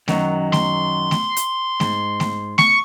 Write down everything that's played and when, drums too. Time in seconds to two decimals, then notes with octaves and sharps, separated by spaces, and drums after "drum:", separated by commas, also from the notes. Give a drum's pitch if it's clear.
0.08 F#2 D#3 F#3, drum: snare A3
0.53 C6, drum: snare A3
1.11 drum: snare A3
1.37 drum: hi-hat
1.80 G#2, drum: snare A3
2.20 drum: snare A3
2.58 C#6, drum: snare A3